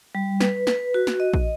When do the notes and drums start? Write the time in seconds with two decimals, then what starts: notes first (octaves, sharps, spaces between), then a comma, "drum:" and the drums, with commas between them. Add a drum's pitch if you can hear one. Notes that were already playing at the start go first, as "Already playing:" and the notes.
0.15 G3
0.41 B4, drum: snare
0.67 B4, drum: snare
0.94 F#4
1.07 drum: snare
1.20 D#5
1.33 drum: kick